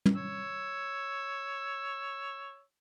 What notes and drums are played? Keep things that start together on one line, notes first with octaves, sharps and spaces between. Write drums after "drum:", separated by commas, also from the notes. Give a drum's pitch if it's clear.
drum: tom
C#5 E6